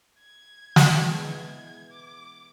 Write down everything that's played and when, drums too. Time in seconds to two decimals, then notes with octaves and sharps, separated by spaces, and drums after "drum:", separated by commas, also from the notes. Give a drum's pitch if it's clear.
0.19 G#6
0.76 drum: snare
1.09 E3 G#3 B3
1.91 D6